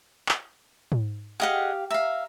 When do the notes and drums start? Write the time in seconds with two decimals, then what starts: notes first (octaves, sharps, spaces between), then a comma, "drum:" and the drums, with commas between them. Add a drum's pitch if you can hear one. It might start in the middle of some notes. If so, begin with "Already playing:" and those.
0.29 drum: clap
0.92 drum: tom G#2
1.40 G4 G#4 D#5 F5 F#5
1.91 E5 F5 A#5